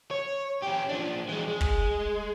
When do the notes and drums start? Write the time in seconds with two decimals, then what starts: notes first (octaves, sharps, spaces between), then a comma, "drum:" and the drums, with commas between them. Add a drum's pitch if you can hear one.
0.11 C#5
0.63 C#4 G4
0.89 F3 D4
1.28 E3 G#3
1.47 G#3
1.61 drum: kick